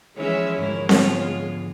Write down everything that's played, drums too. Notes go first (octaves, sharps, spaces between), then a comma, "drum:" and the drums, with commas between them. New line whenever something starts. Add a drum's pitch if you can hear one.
E3 F3 G#3 C#4 C#5 E5
G#2 D3 F3 G#3 E4 A#4
B3 F4 G#4, drum: snare C4